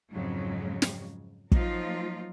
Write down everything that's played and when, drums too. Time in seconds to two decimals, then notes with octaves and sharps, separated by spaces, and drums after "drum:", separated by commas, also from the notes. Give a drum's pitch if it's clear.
0.11 F2 G#2 C#3 F#3 G#3
0.82 drum: snare
1.52 F3 F#3 A#3 D#4 F4, drum: kick